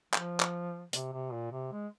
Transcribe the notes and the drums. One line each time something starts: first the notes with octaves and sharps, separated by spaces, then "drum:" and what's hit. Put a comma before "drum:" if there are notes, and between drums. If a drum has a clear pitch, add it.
F3, drum: clap
drum: clap
C3, drum: hi-hat
C3
A#2
C3
G#3